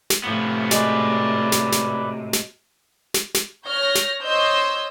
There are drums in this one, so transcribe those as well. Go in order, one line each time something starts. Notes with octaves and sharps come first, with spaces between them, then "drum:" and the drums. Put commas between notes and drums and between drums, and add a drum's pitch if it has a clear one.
drum: snare
A2 C3 F3 B3
G#3 F#4 B4 D5 C#6, drum: snare
drum: snare
drum: snare
drum: snare
drum: snare
drum: snare
C#5 F6 G6 A#6
drum: snare
C5 C#5 D#5 E6 G6